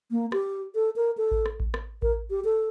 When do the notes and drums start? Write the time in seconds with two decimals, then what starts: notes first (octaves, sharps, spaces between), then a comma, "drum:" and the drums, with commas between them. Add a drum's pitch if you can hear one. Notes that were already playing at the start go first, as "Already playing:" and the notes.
0.11 A#3
0.32 G4, drum: rim click
0.75 A4
0.96 A#4
1.17 A4
1.31 drum: kick A1
1.46 drum: rim click
1.60 drum: kick A1
1.74 drum: rim click
2.02 A#4, drum: kick A1
2.30 G4
2.45 A4